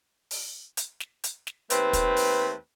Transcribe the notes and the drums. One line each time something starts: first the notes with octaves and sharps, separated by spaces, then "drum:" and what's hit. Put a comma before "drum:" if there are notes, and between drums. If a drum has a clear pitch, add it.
drum: open hi-hat
drum: hi-hat
drum: snare
drum: hi-hat
drum: snare
D#2 A3 C4 B4, drum: hi-hat
drum: kick, hi-hat
drum: open hi-hat